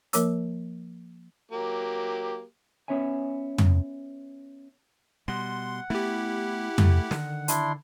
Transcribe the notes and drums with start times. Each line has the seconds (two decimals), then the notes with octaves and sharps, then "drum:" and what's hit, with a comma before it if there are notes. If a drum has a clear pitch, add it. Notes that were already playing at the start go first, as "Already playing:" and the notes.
0.13 F3 A#3 A#4 C#5 D6 E6, drum: hi-hat
1.51 F#3 A#3 G4
2.88 B3 C#4 C#5 E5 G#5
3.58 drum: tom
5.28 B2 G3 F#5 C6
5.90 A3 B3 E4 G4
6.78 A3, drum: tom
7.11 D3 D#3, drum: snare
7.48 D4 E4 C6, drum: hi-hat